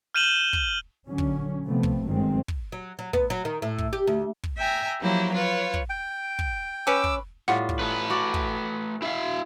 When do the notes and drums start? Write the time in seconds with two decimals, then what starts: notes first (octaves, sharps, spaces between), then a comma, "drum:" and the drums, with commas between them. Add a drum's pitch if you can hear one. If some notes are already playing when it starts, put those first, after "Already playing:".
0.14 F6 G6 D#7 E7 F#7 G7
0.53 drum: kick
1.08 A#1 D3 F#3 C#4
1.18 drum: kick
1.67 C3 F3 A3 B3 C4
1.83 drum: kick
2.08 G1 G2 D#3 F#3 G#3 C4
2.48 drum: kick
2.72 F#3
2.99 F#3
3.13 B3, drum: kick
3.30 F#3
3.45 D#3
3.62 A2
3.78 drum: kick
3.93 G4
4.07 D2
4.43 drum: kick
4.58 E5 G5 G#5 A#5
5.02 F3 F#3 A#3 E4 G4
5.34 F4 B4 C#5
5.74 drum: kick
5.90 G5
6.39 drum: kick
6.87 C#4 B4 D6 E6
7.04 drum: kick
7.48 A2 G3 F4 F#5
7.69 drum: kick
7.79 A3 B4
8.10 F#4 D5
8.34 drum: kick
9.02 E4 E5 F5